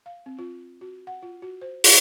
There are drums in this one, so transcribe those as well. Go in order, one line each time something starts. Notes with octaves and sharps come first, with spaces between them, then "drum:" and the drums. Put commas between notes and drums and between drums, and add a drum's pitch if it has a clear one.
F5
C4
F4
F#4
F#5
F4
F#4
C5
C5, drum: open hi-hat